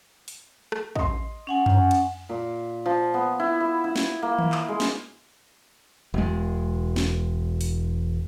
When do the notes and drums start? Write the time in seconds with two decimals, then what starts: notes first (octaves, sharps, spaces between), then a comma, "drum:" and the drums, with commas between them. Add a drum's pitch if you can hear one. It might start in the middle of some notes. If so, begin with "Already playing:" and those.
0.28 drum: open hi-hat
0.72 drum: rim click
0.96 D#5 C6, drum: kick
1.47 C#4 F#5 G#5
1.66 drum: tom F#2
1.91 drum: cymbal
2.29 A#2
2.86 F3
3.14 B3
3.40 E4
3.60 E5
3.84 E4
3.96 drum: snare
4.22 A#3
4.39 drum: tom D#3
4.52 drum: clap
4.68 G#3
4.80 drum: snare
6.14 E1 G#3
6.96 drum: snare
7.61 drum: open hi-hat